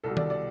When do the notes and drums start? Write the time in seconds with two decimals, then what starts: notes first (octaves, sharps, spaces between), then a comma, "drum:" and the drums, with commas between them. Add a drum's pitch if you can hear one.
0.04 C2 B2 G3 A4
0.17 D5, drum: tom D#3
0.30 D5